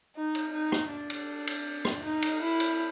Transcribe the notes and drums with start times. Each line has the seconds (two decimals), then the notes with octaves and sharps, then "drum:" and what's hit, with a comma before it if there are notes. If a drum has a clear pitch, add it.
0.16 D#4
0.35 drum: cymbal
0.53 D#4
0.72 drum: rim click
0.90 D4
1.10 drum: cymbal
1.47 drum: cymbal
1.85 drum: rim click
2.04 D#4
2.22 drum: cymbal
2.42 E4
2.60 drum: cymbal